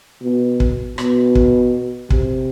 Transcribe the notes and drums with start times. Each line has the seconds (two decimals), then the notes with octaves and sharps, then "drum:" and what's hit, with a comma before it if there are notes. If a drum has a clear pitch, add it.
0.22 B2
0.60 drum: kick
0.98 B2, drum: rim click
1.35 drum: kick
2.10 C3, drum: kick